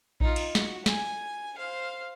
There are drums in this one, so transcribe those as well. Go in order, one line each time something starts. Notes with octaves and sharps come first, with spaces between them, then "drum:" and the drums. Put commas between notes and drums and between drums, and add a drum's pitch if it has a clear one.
D#4 F4, drum: kick A#1
drum: cymbal
F#4, drum: snare
G#5, drum: snare
C5 F5